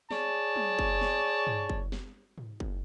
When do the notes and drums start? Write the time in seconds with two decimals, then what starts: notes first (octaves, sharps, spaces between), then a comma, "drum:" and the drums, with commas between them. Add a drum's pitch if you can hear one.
0.11 G#4 C#5 D5 A5, drum: snare
0.56 drum: tom
0.79 drum: kick F#1
1.01 drum: snare
1.47 drum: tom G2
1.69 drum: kick F#1
1.92 drum: snare
2.38 drum: tom G#2
2.60 drum: kick F#1